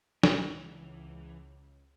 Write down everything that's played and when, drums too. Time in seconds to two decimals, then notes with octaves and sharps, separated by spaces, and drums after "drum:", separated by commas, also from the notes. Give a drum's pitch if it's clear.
0.23 C#2 E3, drum: snare